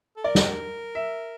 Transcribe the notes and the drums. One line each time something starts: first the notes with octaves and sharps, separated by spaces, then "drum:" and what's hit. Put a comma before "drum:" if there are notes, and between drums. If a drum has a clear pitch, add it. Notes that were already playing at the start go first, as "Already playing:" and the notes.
A4
A#4 D5
drum: snare
E5